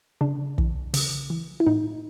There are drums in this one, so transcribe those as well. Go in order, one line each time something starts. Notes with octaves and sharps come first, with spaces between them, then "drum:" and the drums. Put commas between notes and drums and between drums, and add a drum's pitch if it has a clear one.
C#3 D4
E3, drum: kick
C#3, drum: open hi-hat
E3
E4
A2 D#4